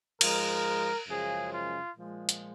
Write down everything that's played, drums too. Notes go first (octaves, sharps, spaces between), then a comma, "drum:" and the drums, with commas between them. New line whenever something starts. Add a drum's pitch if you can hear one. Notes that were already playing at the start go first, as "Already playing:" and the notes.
G#2 F3 G#3 A#4, drum: cymbal
F#2 C#3 F3 G#3 G#4
F4
A#2 F3 G#3
drum: hi-hat